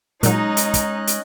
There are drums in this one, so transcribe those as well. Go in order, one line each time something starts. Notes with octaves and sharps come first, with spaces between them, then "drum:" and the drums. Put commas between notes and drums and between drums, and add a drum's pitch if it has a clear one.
A#2 F#3 G#3 C#4 D#4 D#5 F#6, drum: hi-hat
drum: hi-hat
drum: kick, hi-hat
drum: hi-hat